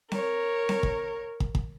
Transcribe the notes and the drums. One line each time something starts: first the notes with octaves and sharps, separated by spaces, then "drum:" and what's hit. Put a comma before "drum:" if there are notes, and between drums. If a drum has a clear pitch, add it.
A#4 C#5, drum: snare C4
drum: snare C4
drum: kick
drum: kick
drum: kick